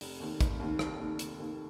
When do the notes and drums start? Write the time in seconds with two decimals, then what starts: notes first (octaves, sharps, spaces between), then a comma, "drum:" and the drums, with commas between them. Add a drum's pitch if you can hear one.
0.01 F1, drum: open hi-hat
0.20 D#2 D#3
0.41 F1, drum: kick, hi-hat
0.60 D#2 D#3
0.79 F1, drum: rim click
0.99 D#2 D#3
1.19 F1, drum: hi-hat
1.38 D#2 D#3